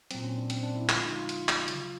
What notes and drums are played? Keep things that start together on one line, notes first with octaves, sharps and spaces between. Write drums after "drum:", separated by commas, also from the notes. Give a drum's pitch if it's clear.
A#2 F#3 C4, drum: hi-hat
C#4
D4
C4, drum: hi-hat
D4
E4
D3 F3 G#3 F4, drum: clap
D#4
F4
F4, drum: hi-hat
drum: clap
C#3 F#3, drum: hi-hat